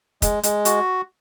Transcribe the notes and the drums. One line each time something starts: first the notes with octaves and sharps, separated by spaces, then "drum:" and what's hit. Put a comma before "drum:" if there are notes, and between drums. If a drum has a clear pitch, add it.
G#3, drum: kick, hi-hat
G#3, drum: hi-hat
F#4, drum: hi-hat